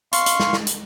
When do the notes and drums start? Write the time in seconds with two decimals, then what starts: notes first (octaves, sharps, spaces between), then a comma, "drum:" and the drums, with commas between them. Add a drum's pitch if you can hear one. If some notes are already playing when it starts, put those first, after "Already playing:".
0.13 F5 C6 C#6, drum: hi-hat
0.26 drum: hi-hat
0.40 drum: snare
0.53 drum: snare
0.67 drum: hi-hat